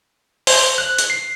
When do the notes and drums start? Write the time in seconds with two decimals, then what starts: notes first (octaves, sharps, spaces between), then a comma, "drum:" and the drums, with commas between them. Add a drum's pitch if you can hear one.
0.47 C5, drum: open hi-hat
0.78 F#6
0.98 drum: hi-hat
1.10 C7